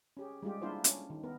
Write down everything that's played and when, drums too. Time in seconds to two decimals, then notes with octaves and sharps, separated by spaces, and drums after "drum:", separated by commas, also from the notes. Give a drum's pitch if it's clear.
0.17 C#4 G4 G#4
0.42 G3 G#3 F4 G4
0.62 A#3 D4 E4 F4 C5
0.84 C#4, drum: hi-hat
1.10 D#3
1.24 B3 A#4